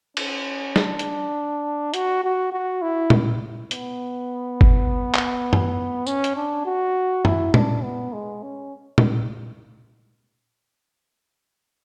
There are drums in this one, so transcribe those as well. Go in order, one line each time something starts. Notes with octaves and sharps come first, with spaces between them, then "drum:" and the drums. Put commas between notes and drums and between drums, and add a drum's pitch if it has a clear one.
C#4, drum: cymbal
D4, drum: snare
drum: hi-hat
F#4, drum: hi-hat
F#4
F#4
E4
drum: tom A#2
B3, drum: hi-hat
drum: kick G1
drum: clap
drum: tom F#2
C#4, drum: tambourine
drum: hi-hat
D4
F#4
E4, drum: tom F#2
D4, drum: tom A#2
B3
G#3
C#4
drum: tom A#2